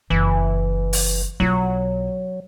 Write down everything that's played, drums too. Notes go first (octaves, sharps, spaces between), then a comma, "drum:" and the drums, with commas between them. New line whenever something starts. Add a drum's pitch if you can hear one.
F#1 E3
drum: open hi-hat
B1 F#3 F4